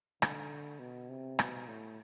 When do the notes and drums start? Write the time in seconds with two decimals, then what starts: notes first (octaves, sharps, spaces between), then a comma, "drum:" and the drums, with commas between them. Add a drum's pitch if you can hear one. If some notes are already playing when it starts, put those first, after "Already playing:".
0.22 D3, drum: rim click
0.79 B2
1.09 C3
1.39 B2, drum: rim click
1.68 A2